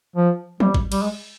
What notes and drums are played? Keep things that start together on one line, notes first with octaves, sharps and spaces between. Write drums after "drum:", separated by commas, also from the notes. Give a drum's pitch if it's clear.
F3
G3, drum: tom
drum: kick A1
G3, drum: cymbal
G#3